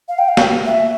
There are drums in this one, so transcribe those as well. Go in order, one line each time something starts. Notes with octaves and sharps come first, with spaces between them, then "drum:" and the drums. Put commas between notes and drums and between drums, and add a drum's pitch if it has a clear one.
F5
G5
F5
drum: snare
E5